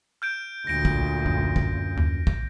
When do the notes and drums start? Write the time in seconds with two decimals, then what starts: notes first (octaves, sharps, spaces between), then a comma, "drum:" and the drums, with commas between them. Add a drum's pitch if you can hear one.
0.22 F6 G6 D7
0.67 D2 A#2 A#6 D7
0.85 drum: kick
1.25 A#1 F#2
1.56 drum: kick
1.97 D#2
2.27 drum: kick